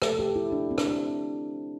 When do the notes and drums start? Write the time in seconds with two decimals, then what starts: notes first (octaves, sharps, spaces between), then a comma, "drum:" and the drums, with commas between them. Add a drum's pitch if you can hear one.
0.02 C3 F3 A3 A4, drum: rim click
0.19 G4
0.36 E4
0.52 D4
0.71 C4
0.78 D4, drum: rim click